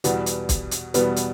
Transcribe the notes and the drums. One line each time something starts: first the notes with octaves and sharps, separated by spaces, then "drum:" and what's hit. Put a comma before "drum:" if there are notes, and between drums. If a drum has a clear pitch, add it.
E2 B2 G3 B3, drum: hi-hat
drum: hi-hat
drum: kick, hi-hat
drum: hi-hat
E2 B2 G3 B3, drum: hi-hat
drum: hi-hat